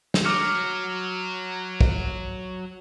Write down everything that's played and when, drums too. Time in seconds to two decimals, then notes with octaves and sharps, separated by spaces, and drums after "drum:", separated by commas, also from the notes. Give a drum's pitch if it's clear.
0.14 drum: snare
0.25 F#3 D6 F6 C#7
1.81 drum: kick